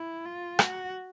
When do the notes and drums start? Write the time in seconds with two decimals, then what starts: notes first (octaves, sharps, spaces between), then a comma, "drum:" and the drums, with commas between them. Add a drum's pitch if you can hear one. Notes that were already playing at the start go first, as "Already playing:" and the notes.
Already playing: E4
0.25 F4
0.59 F#4, drum: rim click